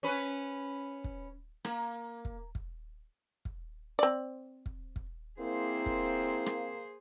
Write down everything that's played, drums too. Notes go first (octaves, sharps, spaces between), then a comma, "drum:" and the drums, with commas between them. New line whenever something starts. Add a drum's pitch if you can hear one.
C#4 B4
drum: kick
A#3, drum: rim click
drum: kick
drum: kick
drum: kick
C4 D5
drum: kick
drum: kick
A#3 C4 E4 G#4 C5
drum: kick
drum: rim click